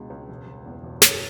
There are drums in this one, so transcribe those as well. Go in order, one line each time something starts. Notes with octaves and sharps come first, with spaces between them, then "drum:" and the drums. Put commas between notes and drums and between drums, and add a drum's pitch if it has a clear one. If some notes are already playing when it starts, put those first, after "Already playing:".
Already playing: C#2 B2 G#3 D4
C#2
E1
E1
E2
E1
F#2, drum: snare